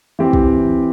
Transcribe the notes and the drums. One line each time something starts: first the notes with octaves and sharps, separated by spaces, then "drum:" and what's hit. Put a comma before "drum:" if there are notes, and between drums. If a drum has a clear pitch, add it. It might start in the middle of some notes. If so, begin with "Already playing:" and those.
E3 C4 G4
drum: kick